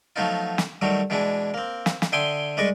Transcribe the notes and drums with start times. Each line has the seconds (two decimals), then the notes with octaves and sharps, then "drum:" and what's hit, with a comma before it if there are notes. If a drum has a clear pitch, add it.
0.16 F3 F#3 A3 B3 D#4 F4
0.58 drum: snare
0.82 D#3 F#3 G3 A3 F#4
1.10 B2 E3 G#3 D4 E4
1.54 A#3 C4
1.86 drum: snare
2.02 drum: snare
2.12 D3 E5 G5 G#5 C6 D#6
2.57 C2 G#3 B4 D5 D#5 C#6